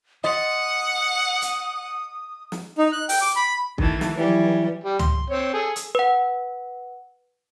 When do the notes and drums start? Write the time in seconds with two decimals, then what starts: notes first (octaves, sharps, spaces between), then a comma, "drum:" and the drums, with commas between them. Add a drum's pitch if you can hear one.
0.24 D#5 F#5 C6 D#6 A6
1.42 drum: hi-hat
2.52 drum: snare
2.78 D#4
2.92 F#6
3.09 G5, drum: open hi-hat
3.21 D6
3.36 B5
3.78 D#3 E3 A3, drum: kick
4.01 drum: snare
4.17 E3 F#3 G3
4.84 G3 G4
4.99 C6, drum: tom
5.30 C4 C#5
5.53 G#4 A4
5.76 drum: hi-hat
5.95 B4 F#5